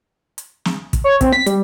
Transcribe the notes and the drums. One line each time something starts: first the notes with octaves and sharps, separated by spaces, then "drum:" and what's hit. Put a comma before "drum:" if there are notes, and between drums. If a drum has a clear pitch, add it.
drum: hi-hat
drum: snare
drum: kick, hi-hat
C#5
C4, drum: kick, hi-hat
B6
G3, drum: hi-hat